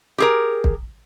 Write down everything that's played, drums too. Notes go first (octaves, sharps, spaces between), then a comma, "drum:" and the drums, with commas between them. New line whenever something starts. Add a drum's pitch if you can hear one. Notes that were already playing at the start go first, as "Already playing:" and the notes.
G4 G#4 A#4
drum: kick